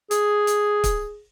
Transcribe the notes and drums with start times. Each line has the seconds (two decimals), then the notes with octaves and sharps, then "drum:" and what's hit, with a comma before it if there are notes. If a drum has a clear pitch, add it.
0.11 G#4, drum: hi-hat
0.47 drum: hi-hat
0.84 drum: kick, hi-hat